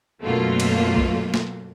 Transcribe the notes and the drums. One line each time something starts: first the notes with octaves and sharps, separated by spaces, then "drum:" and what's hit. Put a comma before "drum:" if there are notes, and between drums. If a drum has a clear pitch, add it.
F#2 B2 F#3 A3 A#3 F4
drum: cymbal
drum: kick
drum: snare